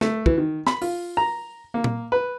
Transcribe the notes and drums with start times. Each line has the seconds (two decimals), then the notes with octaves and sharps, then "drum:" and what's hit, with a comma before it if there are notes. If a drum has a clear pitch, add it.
0.01 A3, drum: snare
0.26 E3, drum: kick
0.38 D#3
0.67 B5, drum: snare
0.82 F4, drum: open hi-hat
1.17 A#5
1.74 A#3
1.84 drum: tom A#2
2.12 B4